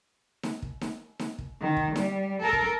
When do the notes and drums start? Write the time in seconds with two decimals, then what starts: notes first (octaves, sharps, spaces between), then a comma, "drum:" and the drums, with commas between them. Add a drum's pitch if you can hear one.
0.43 drum: snare D#4
0.62 drum: kick
0.81 drum: snare D#4
1.19 drum: snare D#4
1.38 drum: kick
1.61 D#3
1.77 drum: kick
1.96 G3, drum: snare D#4
2.42 A4 A#4
2.53 drum: kick